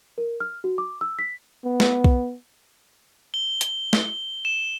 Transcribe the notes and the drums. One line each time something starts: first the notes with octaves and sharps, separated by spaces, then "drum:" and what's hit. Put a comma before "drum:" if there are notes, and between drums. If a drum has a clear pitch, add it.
A#4
F6
F#4
D6
E6
B6
B3
drum: snare
drum: kick B1
G7
drum: hi-hat
drum: snare
E7